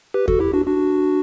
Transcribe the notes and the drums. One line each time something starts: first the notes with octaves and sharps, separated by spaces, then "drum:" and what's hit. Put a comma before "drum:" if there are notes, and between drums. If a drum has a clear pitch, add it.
G4 B4
F#4 A4, drum: kick E2
E4 G4
D4 F#4
D4 F#4